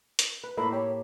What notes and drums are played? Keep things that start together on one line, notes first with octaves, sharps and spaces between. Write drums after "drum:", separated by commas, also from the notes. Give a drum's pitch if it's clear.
drum: hi-hat
B4
A2 A#3 E5 B5
G4 C#5